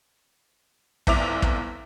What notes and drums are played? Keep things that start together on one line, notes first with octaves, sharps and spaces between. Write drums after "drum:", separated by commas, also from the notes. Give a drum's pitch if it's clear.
G1 C2 E5 D6 F7, drum: kick
drum: kick